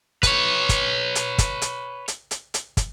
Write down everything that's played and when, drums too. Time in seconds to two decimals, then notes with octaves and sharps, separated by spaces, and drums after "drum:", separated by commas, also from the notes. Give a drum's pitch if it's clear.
0.23 B4 C#5, drum: kick, hi-hat
0.69 drum: kick, hi-hat
1.15 drum: hi-hat
1.38 drum: kick, hi-hat
1.62 drum: hi-hat
2.08 drum: hi-hat
2.31 drum: hi-hat
2.54 drum: hi-hat
2.77 drum: kick, hi-hat